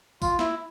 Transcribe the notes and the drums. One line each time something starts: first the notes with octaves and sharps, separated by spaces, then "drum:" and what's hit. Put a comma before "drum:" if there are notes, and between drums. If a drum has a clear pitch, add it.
F4, drum: kick, tambourine
E4, drum: snare